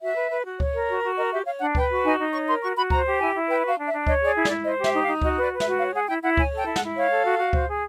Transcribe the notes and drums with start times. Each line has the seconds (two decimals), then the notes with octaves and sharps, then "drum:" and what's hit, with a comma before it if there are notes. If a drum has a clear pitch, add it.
0.02 F#4 E5
0.16 B4
0.31 B4
0.45 F#4
0.60 C#5, drum: kick C#2
0.75 A#4
0.89 F#4
1.03 F#4
1.17 A#4 D#5
1.32 G4 E5
1.46 C#5 F5
1.61 D4 F#5
1.75 B4 G5, drum: kick C#2
1.90 F#4
2.04 D#4 G#5
2.19 D#4
2.33 C#5 C#6
2.47 A#4 C6
2.62 F#4 C#6
2.76 F#4 B5
2.90 C5 A#5, drum: kick C#2
3.05 G4
3.20 E4 G#5
3.34 E4
3.49 B4 G5
3.63 F#4 F5
3.78 D4
3.88 E5
3.92 D4
4.07 C#5 D#5, drum: kick C#2
4.21 G#4 D5
4.35 E4
4.45 D5, drum: snare
4.50 E4
4.64 C5 D#5
4.79 G4
4.84 E5, drum: snare
4.93 D#4
5.02 F5
5.07 D#4
5.22 F#4 D#5, drum: kick C#2
5.37 B4
5.42 D5
5.52 B4
5.60 E5, drum: snare
5.66 F#4
5.79 C#5 F5
5.95 G#4 F#5
6.08 E4 G5
6.23 E4 F#5
6.37 C#5 G#5, drum: kick C#2
6.53 A4 G5
6.66 E4
6.76 F#5, drum: snare
6.81 E4
6.96 C#5 F5
7.10 A4
7.24 F#4
7.38 F#4
7.53 C5, drum: kick C#2
7.68 G#4